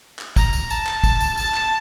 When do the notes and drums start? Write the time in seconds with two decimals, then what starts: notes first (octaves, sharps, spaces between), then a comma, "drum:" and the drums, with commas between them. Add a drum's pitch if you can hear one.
0.19 drum: clap
0.36 A#5, drum: kick, tambourine
0.53 drum: tambourine
0.70 A5, drum: tambourine
0.87 drum: clap
1.04 drum: kick, tambourine
1.21 drum: tambourine
1.37 A5, drum: tambourine
1.54 drum: clap